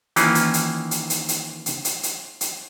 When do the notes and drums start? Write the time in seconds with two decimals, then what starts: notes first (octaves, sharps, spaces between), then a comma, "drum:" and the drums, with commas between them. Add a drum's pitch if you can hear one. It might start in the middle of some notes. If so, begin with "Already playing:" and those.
0.16 D#3 E3 A#3 C#4 F4, drum: hi-hat
0.35 drum: hi-hat
0.54 drum: hi-hat
0.91 drum: hi-hat
1.10 drum: hi-hat
1.28 drum: hi-hat
1.66 drum: hi-hat
1.85 drum: hi-hat
2.03 drum: hi-hat
2.41 drum: hi-hat